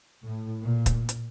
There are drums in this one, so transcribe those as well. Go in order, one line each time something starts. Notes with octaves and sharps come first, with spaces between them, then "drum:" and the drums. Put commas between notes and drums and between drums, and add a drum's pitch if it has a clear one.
A2
A#2
drum: kick, hi-hat
drum: hi-hat